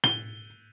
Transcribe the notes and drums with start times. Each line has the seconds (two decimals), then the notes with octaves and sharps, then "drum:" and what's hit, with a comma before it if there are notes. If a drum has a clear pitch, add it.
0.04 G7, drum: tom A2